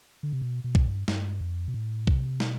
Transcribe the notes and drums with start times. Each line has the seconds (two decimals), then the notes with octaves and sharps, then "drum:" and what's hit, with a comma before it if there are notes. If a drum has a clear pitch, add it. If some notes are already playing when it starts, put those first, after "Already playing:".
0.23 D3
0.33 C3
0.42 B2
0.64 B2
0.75 drum: kick B1
0.86 G2
1.08 G2, drum: snare
1.41 F2
1.68 B2
1.74 A2
2.07 C3, drum: kick B1
2.40 B2, drum: snare